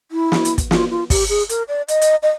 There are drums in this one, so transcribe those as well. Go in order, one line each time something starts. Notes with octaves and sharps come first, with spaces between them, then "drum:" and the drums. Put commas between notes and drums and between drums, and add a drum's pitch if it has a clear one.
E4
drum: snare
drum: hi-hat
drum: kick, hi-hat
F4, drum: snare
F4
G4, drum: kick, open hi-hat
G#4
A#4, drum: hi-hat
D5
D#5, drum: hi-hat
drum: hi-hat
D#5